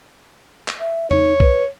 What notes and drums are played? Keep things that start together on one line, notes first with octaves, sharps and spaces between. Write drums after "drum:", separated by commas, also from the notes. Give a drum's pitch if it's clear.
drum: clap
E5
D#4 C#5, drum: tom E2
B4, drum: kick B1